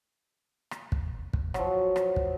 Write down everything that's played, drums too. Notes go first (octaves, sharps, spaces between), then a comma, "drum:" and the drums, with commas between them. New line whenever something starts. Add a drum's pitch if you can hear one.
drum: rim click
drum: kick
drum: kick
F3 F#3, drum: rim click
drum: rim click
drum: kick